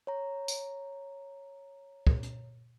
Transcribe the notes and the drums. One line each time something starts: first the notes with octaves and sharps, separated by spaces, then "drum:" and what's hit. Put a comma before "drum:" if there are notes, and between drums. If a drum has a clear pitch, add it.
C#5 A#5
drum: tambourine
drum: kick
drum: hi-hat